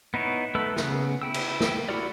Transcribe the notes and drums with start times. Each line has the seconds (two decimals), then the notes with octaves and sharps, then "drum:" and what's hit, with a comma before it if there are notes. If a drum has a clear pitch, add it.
0.14 B3 D#4 E4 C#5
0.55 A3 B4 E6
0.77 C#3 B3, drum: snare
1.22 E4 G5 E6
1.34 drum: cymbal
1.60 drum: snare
1.89 E4 F#4 G4 A#4 D5